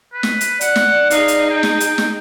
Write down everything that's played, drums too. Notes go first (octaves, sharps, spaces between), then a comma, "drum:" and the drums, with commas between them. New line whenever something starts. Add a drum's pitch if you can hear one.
B4
drum: snare
drum: hi-hat
D5 F#5, drum: hi-hat
drum: snare
D#4 G#4 F5, drum: hi-hat
drum: hi-hat
G5
drum: snare
drum: hi-hat
drum: snare